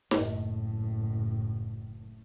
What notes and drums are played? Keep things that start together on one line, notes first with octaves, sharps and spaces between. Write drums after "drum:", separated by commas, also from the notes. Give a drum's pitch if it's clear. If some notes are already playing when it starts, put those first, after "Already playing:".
F#1 A2, drum: snare D#4